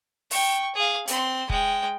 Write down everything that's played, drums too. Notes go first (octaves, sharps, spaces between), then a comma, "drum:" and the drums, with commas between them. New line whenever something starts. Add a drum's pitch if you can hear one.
G5 C#6, drum: open hi-hat
G#4 F5
C4 C6, drum: hi-hat
G#3 G5, drum: kick